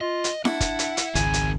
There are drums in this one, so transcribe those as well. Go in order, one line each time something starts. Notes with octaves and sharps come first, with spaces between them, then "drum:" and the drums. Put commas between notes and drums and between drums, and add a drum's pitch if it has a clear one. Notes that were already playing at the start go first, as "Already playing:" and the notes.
F4 D#5
drum: hi-hat
D4 E4 F#5, drum: snare E4
drum: kick, hi-hat
drum: hi-hat
drum: hi-hat
G#1 C#2 D#3 C4 D#4 G#4 G#5, drum: hi-hat
drum: hi-hat